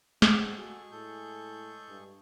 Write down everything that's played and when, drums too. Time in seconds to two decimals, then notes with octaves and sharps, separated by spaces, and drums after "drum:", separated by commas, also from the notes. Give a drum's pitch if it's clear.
0.22 G#3 C4 F#4 A4 F5, drum: snare
0.58 G#3 F#4 G#4 C#6
0.92 A2 A4 G6
1.88 G2